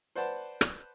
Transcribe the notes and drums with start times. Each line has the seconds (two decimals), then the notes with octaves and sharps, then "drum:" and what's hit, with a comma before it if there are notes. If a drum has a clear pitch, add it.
0.16 B4 C5 D5 F#5 A5
0.61 drum: rim click